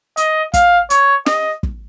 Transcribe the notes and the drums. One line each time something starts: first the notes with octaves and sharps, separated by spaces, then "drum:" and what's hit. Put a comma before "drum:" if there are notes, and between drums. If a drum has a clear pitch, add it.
D#5, drum: hi-hat
F5, drum: kick, hi-hat
C#5, drum: hi-hat
D#5, drum: snare
drum: kick